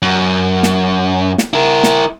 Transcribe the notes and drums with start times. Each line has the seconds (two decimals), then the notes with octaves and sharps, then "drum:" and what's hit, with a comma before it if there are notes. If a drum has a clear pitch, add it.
0.02 F#2
0.63 drum: snare
1.38 drum: snare
1.53 E4 A#4
1.83 drum: snare